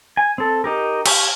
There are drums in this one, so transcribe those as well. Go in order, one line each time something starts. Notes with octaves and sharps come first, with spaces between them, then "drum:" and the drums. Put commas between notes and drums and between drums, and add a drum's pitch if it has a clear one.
G#5
C4 A4
D#4 G4 A#4
G4 C#5 F5, drum: cymbal